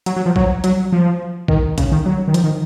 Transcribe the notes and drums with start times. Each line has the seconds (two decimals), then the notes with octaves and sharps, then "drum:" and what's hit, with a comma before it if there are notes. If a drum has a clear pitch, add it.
0.06 F#3, drum: hi-hat
0.16 F#3
0.26 F3
0.36 F#3, drum: kick A#1
0.64 F#3, drum: hi-hat
0.92 F3
1.48 D#3, drum: kick A#1
1.78 C#3, drum: kick A#1, hi-hat
1.92 D#3
2.06 F#3
2.28 D#3
2.34 F3, drum: hi-hat
2.44 D#3